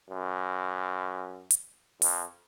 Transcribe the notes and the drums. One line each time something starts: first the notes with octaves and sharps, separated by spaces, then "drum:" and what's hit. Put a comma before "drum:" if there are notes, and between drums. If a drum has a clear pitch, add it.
F#2
drum: hi-hat
F2, drum: open hi-hat